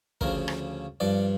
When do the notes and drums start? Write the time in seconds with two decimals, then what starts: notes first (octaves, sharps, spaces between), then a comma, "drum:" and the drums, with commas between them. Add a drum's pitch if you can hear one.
0.21 D2 C#3 F3 A#4, drum: kick
0.48 drum: rim click
1.00 G2 F3 D5